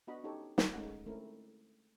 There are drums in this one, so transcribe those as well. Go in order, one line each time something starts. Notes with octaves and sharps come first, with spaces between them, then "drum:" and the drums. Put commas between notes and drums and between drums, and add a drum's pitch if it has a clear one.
B3 D4 F#4 D#5 B5
C#4 D#4 G4 A4 C#5 G5
drum: snare
G#3 A3 C#4 D#4 A#4 F#5
A3 C4 C#4 E4 A#4